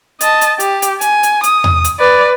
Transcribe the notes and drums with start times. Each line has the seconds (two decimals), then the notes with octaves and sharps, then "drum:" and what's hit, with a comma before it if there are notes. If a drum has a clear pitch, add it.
0.21 D#5 A5, drum: hi-hat
0.41 drum: hi-hat
0.60 G4, drum: hi-hat
0.82 drum: hi-hat
1.01 G#5, drum: hi-hat
1.23 drum: hi-hat
1.43 D#6, drum: hi-hat
1.64 drum: tom E2
1.84 drum: hi-hat
1.99 B4 D5